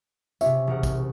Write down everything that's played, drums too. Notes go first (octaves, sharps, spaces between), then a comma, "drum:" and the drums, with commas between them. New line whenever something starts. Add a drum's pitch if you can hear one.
C3 C#4 E5, drum: tambourine
E1 A#4 F#5
drum: kick A#1, tambourine